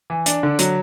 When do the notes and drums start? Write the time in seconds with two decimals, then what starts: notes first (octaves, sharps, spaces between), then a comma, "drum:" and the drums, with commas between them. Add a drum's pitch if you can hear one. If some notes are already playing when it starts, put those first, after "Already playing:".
0.10 E3
0.26 D4, drum: hi-hat
0.43 D3
0.59 F#3, drum: hi-hat